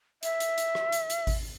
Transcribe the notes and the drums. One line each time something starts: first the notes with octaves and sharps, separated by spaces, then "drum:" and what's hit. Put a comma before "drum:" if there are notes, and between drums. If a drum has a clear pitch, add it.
E5, drum: hi-hat
drum: hi-hat
drum: hi-hat
drum: rim click
drum: hi-hat
drum: hi-hat
drum: kick G#1, open hi-hat